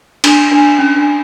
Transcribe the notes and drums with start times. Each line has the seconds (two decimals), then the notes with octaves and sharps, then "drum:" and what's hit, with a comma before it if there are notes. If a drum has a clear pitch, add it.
0.24 D4, drum: cymbal
0.51 D4
0.79 C#4
0.96 D4